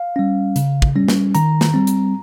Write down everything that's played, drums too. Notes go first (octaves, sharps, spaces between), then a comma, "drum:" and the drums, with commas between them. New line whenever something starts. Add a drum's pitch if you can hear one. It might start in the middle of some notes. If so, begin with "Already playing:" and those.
Already playing: F5
G3 C#4
C#3, drum: hi-hat
drum: kick
G3 C#4
drum: snare
D#3 A#5, drum: hi-hat
drum: snare
G3 C4
drum: hi-hat